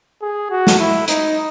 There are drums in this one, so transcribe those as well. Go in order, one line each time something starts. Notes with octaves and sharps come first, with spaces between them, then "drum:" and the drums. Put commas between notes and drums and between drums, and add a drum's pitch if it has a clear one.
G#4
F#4
drum: snare
E4
D#4, drum: hi-hat